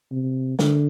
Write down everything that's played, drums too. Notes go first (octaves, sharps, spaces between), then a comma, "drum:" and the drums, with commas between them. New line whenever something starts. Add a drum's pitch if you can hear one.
C3
D3, drum: snare